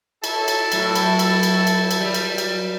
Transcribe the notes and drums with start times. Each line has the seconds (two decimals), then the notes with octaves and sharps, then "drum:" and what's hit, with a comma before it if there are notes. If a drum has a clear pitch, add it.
0.24 E4 A4 C#5 A5, drum: cymbal
0.48 drum: cymbal
0.72 A2 F#3, drum: cymbal
0.95 drum: cymbal
1.19 drum: cymbal
1.43 drum: cymbal
1.67 drum: cymbal
1.91 drum: cymbal
2.00 G3
2.14 drum: cymbal
2.38 drum: cymbal